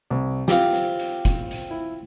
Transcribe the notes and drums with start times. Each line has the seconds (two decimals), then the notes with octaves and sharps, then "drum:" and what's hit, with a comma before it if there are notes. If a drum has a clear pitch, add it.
0.10 C2
0.48 C4 F4 G4, drum: snare
0.74 drum: hi-hat
0.99 drum: hi-hat
1.25 drum: kick, hi-hat
1.51 drum: hi-hat
1.70 E4